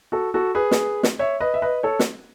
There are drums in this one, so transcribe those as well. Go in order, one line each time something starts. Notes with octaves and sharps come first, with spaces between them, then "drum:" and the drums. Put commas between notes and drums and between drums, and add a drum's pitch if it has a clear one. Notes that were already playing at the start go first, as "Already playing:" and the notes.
F#4 A4
F#4 A4
G#4 B4
drum: snare
drum: snare
C#5 E5
B4 D#5
E5
B4 D#5
A4 C#5
drum: snare